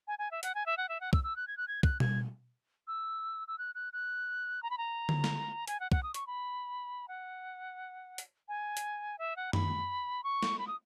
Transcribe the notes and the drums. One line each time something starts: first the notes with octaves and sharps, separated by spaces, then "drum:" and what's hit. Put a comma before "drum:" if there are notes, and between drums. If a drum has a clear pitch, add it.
G#5
G#5
E5
F#5, drum: hi-hat
G#5
E5
F#5
E5
F#5
E6, drum: kick
E6
F#6
G#6
F#6
G#6
F#6, drum: kick
G#6, drum: tom B2
E6
E6
F#6
F#6
F#6
A#5
B5
A#5
drum: tom D3
drum: snare
G#5, drum: hi-hat
F#5
F#5, drum: kick
D#6
C#6, drum: hi-hat
B5
F#5
drum: hi-hat
G#5
drum: hi-hat
E5
F#5
B5, drum: tom
C#6
drum: snare
B5
D#6